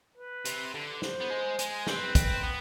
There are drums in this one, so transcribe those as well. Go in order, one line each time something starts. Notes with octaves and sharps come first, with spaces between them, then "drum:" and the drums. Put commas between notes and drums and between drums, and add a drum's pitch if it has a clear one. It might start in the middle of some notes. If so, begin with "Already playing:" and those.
B4
C3, drum: hi-hat
D3
C5, drum: snare
B3
G#3
G#3, drum: hi-hat
C4 B4, drum: snare
C4, drum: kick, hi-hat
B3